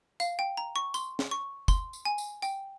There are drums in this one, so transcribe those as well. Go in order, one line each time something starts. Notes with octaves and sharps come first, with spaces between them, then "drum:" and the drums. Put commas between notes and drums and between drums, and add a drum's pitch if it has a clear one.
F5, drum: tambourine
G5
A#5
C#6
C6, drum: tambourine
drum: snare
C#6
C6, drum: kick, tambourine
drum: tambourine
G#5
drum: tambourine
G5, drum: tambourine